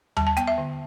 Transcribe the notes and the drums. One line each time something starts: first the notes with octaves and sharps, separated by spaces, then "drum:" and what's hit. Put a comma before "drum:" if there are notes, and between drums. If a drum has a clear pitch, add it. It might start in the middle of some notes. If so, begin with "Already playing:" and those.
G3 A5, drum: tom D#2
A5
B3 G5, drum: hi-hat
E5
D3